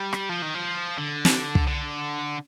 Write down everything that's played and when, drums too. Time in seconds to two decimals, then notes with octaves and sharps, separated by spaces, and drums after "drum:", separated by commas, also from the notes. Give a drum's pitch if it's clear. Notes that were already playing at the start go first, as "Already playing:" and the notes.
Already playing: G3
0.13 drum: rim click
0.29 F3
0.42 D#3
0.54 F3
0.98 D3
1.25 drum: snare
1.55 drum: kick
1.67 D3